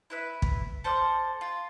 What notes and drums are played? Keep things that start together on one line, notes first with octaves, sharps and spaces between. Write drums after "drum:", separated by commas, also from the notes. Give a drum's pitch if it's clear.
E4 B4 E5
drum: kick
A4 C5 D5 F5
F4